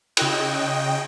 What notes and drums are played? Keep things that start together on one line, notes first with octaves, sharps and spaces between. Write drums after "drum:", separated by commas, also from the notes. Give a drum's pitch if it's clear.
C#3 D#5 G5, drum: cymbal